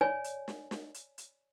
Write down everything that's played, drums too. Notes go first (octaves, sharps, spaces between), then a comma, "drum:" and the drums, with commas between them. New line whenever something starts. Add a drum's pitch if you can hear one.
C#5 D5 G#5
drum: hi-hat
drum: snare
drum: snare
drum: hi-hat
drum: hi-hat